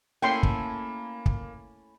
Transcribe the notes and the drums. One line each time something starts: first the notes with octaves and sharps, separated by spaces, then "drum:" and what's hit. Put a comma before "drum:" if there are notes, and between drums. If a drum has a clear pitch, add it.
A3 A#3 C#4 E4 G5 C6
drum: kick
drum: kick